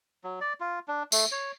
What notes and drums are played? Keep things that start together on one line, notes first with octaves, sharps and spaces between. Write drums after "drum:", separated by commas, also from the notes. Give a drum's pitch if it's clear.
F#3
D5
F4
D4
A3, drum: tambourine
C#5